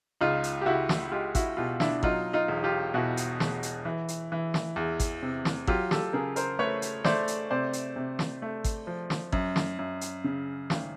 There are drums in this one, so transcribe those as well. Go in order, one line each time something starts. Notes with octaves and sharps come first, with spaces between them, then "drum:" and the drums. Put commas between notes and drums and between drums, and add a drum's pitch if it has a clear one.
C#2 D#4 F4
drum: hi-hat
G4
C#2 E4 F#4
drum: snare
G#3 F4 G4
E4 F#4, drum: kick G#1, hi-hat
B2 F4 G4
D4 E4, drum: snare
F#3 D#4 F4, drum: kick G#1
D#4 F4
E1
F4 G4
B2 E4 F#4
drum: hi-hat
E1, drum: snare
drum: hi-hat
E3
drum: hi-hat
E3
drum: snare
E2
drum: kick G#1, hi-hat
C3
drum: snare
F#3 F4 G4, drum: kick G#1
G4 A4, drum: snare
C#3 G#4 A#4
A#4 C5, drum: hi-hat
A3 B4 C#5
drum: hi-hat
A3 C5 D5, drum: snare
drum: hi-hat
C3 C5 D5
drum: hi-hat
C3
drum: snare
A3
drum: kick G#1, hi-hat
F3
drum: snare
F#2, drum: kick G#1
drum: snare
F#2
drum: hi-hat
C#3
G#1, drum: snare